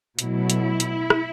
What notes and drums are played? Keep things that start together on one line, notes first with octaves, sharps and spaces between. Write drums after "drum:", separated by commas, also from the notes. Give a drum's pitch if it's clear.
B2 F#3 A3 E4, drum: hi-hat
drum: hi-hat
drum: hi-hat
drum: rim click